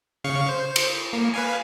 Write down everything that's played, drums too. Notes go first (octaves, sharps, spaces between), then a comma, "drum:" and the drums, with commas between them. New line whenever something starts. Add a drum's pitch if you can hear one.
C#3 F5 C#6
C5
drum: cymbal
A#3
B4 F5 G#5